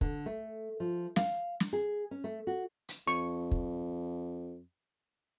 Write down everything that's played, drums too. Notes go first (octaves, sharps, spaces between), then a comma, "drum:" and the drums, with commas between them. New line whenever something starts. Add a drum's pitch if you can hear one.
D3, drum: kick
A3
F3
F5, drum: snare
drum: snare
G#4
C#4
A3
F#4
drum: hi-hat
F2 C#6
drum: kick